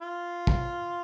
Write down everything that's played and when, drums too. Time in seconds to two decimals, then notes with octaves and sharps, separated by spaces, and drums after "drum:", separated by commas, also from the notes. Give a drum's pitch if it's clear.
0.02 F4
0.47 drum: kick